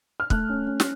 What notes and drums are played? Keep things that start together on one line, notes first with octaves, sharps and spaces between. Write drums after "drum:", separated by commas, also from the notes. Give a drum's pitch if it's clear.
F6
A3 F#6, drum: kick
C#4
C#4
drum: snare